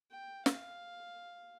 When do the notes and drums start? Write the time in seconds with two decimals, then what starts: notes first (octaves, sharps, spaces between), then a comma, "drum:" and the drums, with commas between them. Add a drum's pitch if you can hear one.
0.10 G5
0.46 F5, drum: snare